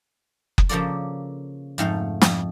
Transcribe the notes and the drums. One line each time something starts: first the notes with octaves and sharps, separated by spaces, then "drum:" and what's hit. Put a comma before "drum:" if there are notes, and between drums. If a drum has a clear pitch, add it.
drum: kick F#1
C#3 F3 A#3 A4 D5
F2 G#2 A3 F5
F2, drum: snare